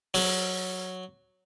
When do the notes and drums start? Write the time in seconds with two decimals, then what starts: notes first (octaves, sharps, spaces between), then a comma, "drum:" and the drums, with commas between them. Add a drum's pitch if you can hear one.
0.14 F#3, drum: open hi-hat